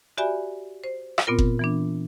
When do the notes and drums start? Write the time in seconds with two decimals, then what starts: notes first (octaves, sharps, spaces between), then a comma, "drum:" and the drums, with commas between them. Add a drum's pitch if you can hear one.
0.17 F#4 G4 D5 E5 G#5 B5
0.84 C5
1.18 drum: rim click
1.27 A#2 B3 C4 F4 A#4
1.39 drum: kick F#1
1.59 E3 B3 D4